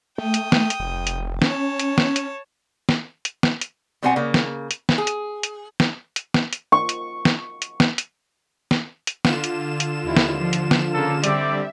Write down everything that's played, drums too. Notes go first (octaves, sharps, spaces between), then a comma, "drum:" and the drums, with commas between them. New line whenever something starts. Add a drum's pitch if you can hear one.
A3 G5 D#6
drum: hi-hat
drum: snare
drum: hi-hat
F1
drum: hi-hat
C#4 C#5 A5, drum: snare
drum: hi-hat
drum: snare
drum: hi-hat
drum: snare
drum: hi-hat
drum: snare
drum: hi-hat
B2 G3 C4 C5 F#5 G#5
C#3 A#3
drum: snare
drum: hi-hat
drum: snare
G#4
drum: hi-hat
drum: hi-hat
drum: snare
drum: hi-hat
drum: snare
drum: hi-hat
C#6
drum: hi-hat
drum: snare
drum: hi-hat
drum: snare
drum: hi-hat
drum: snare
drum: hi-hat
D3 F4 E7, drum: snare
drum: hi-hat
drum: hi-hat
D#2 E4
drum: snare
F3
drum: hi-hat
drum: snare
C#3 A#3 A4
D3 G3 C4 G4 D5 E5, drum: hi-hat